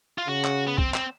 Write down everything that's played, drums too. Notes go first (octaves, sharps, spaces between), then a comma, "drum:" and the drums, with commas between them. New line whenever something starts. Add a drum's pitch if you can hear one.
F4
C#3 F#4
drum: clap
B3
C4, drum: kick
C4, drum: clap